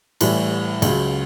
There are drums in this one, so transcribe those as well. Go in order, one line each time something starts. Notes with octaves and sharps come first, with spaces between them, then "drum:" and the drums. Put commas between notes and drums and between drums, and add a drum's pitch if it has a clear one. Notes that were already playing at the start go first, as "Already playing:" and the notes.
A2 E3 G3, drum: cymbal
C#2 C#3 F#3, drum: cymbal